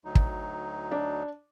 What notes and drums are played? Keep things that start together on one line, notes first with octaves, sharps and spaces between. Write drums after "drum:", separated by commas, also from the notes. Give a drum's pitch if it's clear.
D2 F#3 D#4
drum: kick
D4